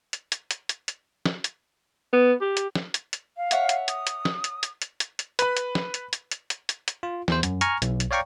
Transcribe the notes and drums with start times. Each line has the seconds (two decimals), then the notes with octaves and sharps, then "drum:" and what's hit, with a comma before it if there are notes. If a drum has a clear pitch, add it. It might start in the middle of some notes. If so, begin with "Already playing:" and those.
0.13 drum: hi-hat
0.32 drum: hi-hat
0.51 drum: hi-hat
0.69 drum: hi-hat
0.88 drum: hi-hat
1.26 drum: snare
1.44 drum: hi-hat
2.13 B3
2.41 G4
2.57 drum: hi-hat
2.75 drum: snare
2.94 drum: hi-hat
3.13 drum: hi-hat
3.37 F5
3.51 C#5 E5 F#5, drum: hi-hat
3.69 drum: hi-hat
3.88 D#6, drum: hi-hat
4.07 drum: hi-hat
4.25 drum: snare
4.44 drum: hi-hat
4.63 drum: hi-hat
4.82 drum: hi-hat
5.00 drum: hi-hat
5.19 drum: hi-hat
5.39 B4 B5, drum: hi-hat
5.57 drum: hi-hat
5.75 drum: snare
5.94 drum: hi-hat
6.13 drum: hi-hat
6.31 drum: hi-hat
6.50 drum: hi-hat
6.69 drum: hi-hat
6.88 drum: hi-hat
7.03 F4
7.28 E2 C5, drum: snare
7.43 F#2, drum: hi-hat
7.61 G#5 A#5 C#6 F6, drum: hi-hat
7.82 B1, drum: hi-hat
8.00 drum: hi-hat
8.11 C#5 D5 F5 G5 A#5 C#6